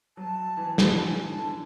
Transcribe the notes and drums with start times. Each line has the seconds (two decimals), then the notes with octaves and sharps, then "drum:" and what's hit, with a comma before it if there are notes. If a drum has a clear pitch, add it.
0.17 F#3 A5
0.57 E3
0.78 drum: snare
0.90 A5
0.98 D3 G#5
1.26 A5
1.40 D3